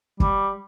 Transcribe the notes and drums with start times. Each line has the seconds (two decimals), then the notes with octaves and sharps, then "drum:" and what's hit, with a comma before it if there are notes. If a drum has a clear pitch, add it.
0.20 G3, drum: kick